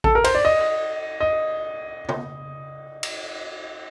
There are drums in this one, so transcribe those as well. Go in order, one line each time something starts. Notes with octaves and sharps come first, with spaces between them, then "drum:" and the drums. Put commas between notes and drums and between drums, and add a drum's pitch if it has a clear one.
A4, drum: kick A1
A#4
C5, drum: cymbal
D5
D#5
D#5
drum: tom
drum: cymbal